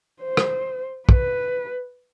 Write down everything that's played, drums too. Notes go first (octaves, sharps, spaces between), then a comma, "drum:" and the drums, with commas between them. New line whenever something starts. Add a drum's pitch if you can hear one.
C5
drum: rim click
B4, drum: kick